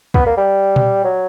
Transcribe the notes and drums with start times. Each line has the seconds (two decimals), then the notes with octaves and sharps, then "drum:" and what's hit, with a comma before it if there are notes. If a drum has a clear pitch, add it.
0.14 B3, drum: kick
0.26 A#3
0.37 G3
0.76 drum: tom A#2
1.04 F#3